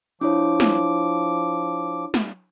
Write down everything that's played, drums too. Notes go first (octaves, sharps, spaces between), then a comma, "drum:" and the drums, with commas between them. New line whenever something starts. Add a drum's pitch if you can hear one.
F3 D4 E4 C#5 D6
drum: snare
drum: snare